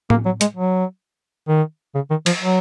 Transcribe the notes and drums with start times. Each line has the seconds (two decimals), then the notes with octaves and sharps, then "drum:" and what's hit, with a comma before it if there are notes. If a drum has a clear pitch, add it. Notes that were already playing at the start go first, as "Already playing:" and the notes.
0.10 A#3, drum: tom A2
0.25 F#3
0.41 G#3, drum: hi-hat
0.57 F#3
1.48 D#3
1.95 C#3
2.10 D#3
2.26 F3, drum: cymbal
2.41 F#3